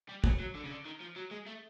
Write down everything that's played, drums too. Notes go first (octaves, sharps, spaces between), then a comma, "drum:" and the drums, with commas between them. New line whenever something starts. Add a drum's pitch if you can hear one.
G3
F#3, drum: kick
F#3
D3
C#3
D3
D#3
F3
F#3
G#3
A3